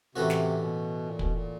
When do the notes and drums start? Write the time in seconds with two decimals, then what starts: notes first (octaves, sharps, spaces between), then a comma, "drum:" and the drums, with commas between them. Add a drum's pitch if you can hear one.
0.15 A2 C3 E3 A3 C#4 F#4
0.30 drum: snare
0.56 A#2
0.61 B2
1.06 A#2
1.19 B2, drum: kick
1.33 A#2